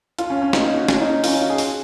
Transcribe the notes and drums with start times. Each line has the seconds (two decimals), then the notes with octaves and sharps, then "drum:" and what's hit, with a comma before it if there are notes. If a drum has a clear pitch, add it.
0.19 F4, drum: hi-hat
0.30 C#4
0.42 C#4
0.53 D#4, drum: snare
0.66 D#4
0.77 F#4
0.89 C#4, drum: snare
1.00 D#4
1.12 D#4
1.24 C#4 F4, drum: open hi-hat
1.32 D#4
1.41 F#4
1.50 G#4
1.58 F#4, drum: open hi-hat